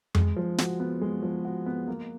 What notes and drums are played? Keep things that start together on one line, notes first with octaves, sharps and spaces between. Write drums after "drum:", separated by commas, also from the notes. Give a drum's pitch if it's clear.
G#3, drum: tom F2
F3
F#4, drum: snare
B3
G#3
F3
F#4
B3
A#3